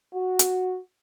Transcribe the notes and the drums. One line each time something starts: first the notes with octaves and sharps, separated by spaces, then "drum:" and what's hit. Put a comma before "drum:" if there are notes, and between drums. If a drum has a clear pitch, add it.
F#4
drum: hi-hat